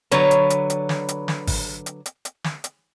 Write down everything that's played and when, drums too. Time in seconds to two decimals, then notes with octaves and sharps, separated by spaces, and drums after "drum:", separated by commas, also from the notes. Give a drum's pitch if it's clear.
0.11 D3 F#3 B4 C#5 A#5, drum: hi-hat
0.31 drum: hi-hat
0.50 drum: hi-hat
0.70 drum: hi-hat
0.89 drum: snare
1.09 drum: hi-hat
1.28 drum: snare
1.47 drum: kick G#1, open hi-hat
1.86 drum: hi-hat
2.06 drum: hi-hat
2.25 drum: hi-hat
2.44 drum: snare
2.64 drum: hi-hat